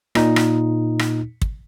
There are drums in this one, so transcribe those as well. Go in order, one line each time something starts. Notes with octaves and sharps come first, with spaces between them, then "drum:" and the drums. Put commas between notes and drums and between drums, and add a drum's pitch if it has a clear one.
A#2 D#4, drum: rim click
drum: rim click
drum: rim click
drum: kick